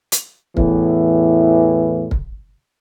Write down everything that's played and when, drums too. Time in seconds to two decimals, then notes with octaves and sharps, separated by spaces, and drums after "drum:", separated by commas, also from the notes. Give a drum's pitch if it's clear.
0.12 drum: hi-hat
0.57 E2 A2 E3, drum: kick
2.11 drum: kick